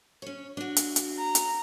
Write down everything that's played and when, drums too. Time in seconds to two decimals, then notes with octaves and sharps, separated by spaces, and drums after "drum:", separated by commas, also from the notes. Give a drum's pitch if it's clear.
0.22 C#4 C#5
0.57 D4 F#4
0.77 drum: hi-hat
0.96 drum: hi-hat
1.17 A#5
1.35 drum: hi-hat